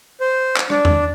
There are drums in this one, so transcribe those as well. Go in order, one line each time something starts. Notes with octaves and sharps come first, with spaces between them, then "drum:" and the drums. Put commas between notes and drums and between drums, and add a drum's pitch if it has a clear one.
C5
drum: clap
D4, drum: rim click
drum: tom E2